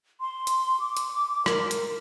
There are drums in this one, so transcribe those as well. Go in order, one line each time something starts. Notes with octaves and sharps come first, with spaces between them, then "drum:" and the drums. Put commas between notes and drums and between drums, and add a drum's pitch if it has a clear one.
C6
drum: hi-hat
D6
drum: hi-hat
A#4, drum: rim click
drum: hi-hat